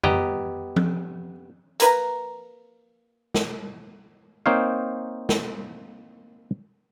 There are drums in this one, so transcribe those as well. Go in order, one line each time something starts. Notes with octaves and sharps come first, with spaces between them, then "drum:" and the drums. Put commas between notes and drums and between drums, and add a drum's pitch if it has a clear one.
B3 G4 D#5 A#5, drum: tom F2
drum: tom F3
A#3 B4 A#5, drum: hi-hat
drum: snare
A#3 C4 D#4 C5 C#5 F5
drum: snare